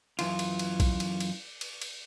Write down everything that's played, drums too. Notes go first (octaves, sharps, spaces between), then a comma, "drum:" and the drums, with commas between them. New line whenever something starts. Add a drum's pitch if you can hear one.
F#2 E3 F4, drum: cymbal
drum: cymbal
drum: cymbal
drum: kick B1, cymbal
drum: cymbal
drum: cymbal
drum: cymbal
drum: cymbal